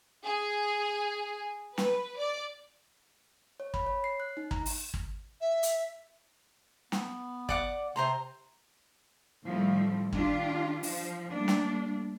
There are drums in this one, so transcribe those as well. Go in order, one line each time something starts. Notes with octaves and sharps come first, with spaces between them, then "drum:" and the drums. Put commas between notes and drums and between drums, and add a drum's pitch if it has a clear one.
G#4
B4, drum: snare
D5
C#5
B5, drum: kick
C#5
C7
F#6
D#4
A#5, drum: kick
drum: open hi-hat
drum: kick
E5
drum: hi-hat
B3, drum: snare
D5 F#5 D6, drum: kick
C3 C5 A#5 C6
A2 D#3 F3 G3 A3 C4
D#3 D4 F4 G4, drum: kick
F3, drum: open hi-hat
G3 A3 A#3 D4
drum: snare